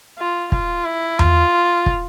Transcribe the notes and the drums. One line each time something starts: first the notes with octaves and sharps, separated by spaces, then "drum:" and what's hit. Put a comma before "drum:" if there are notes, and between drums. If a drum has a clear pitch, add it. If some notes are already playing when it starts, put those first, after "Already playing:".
F4
F4, drum: kick
E4
F4, drum: tom E2
drum: kick